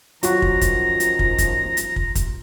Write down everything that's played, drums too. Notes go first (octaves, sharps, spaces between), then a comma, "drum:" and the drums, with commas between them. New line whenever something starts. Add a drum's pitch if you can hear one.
F#2 D#3 F3 F#3 F4 F#4 A#5, drum: hi-hat
drum: kick
drum: kick, hi-hat
drum: hi-hat
drum: kick
drum: kick, hi-hat
drum: hi-hat
drum: kick
drum: kick, hi-hat